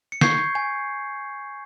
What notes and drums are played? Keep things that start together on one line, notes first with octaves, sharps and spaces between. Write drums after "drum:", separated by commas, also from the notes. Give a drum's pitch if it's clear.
C#7
C#6 G6 G#6 C7, drum: snare
G#5